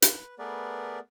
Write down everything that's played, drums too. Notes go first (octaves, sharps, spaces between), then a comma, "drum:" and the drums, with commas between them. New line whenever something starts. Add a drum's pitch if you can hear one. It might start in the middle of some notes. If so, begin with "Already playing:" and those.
B4, drum: hi-hat
A3 B3 G#4 A#4 B4 D5